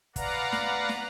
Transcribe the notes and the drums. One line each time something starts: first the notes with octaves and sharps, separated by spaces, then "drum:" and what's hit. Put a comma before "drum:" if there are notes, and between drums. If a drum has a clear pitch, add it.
B4 D5 F5 F#5 A#5, drum: kick, hi-hat
drum: snare
drum: snare